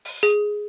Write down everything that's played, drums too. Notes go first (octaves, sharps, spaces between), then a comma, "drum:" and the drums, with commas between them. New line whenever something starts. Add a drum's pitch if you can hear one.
drum: open hi-hat
G#4